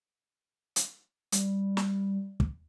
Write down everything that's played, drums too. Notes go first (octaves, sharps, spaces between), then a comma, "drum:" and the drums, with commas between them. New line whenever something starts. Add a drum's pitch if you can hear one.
drum: hi-hat
G3, drum: hi-hat
drum: snare
drum: kick